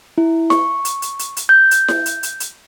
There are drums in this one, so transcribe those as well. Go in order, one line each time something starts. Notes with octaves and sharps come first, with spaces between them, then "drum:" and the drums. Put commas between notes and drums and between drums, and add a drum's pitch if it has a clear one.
E4
C#6, drum: snare E4
drum: hi-hat
drum: hi-hat
drum: hi-hat
drum: hi-hat
G6
drum: hi-hat
drum: snare E4
drum: hi-hat
drum: hi-hat
drum: hi-hat